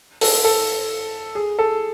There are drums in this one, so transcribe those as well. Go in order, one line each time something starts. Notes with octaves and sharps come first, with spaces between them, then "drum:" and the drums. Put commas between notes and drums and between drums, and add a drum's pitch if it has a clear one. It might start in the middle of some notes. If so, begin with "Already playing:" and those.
A4, drum: open hi-hat
A4
G#4
A4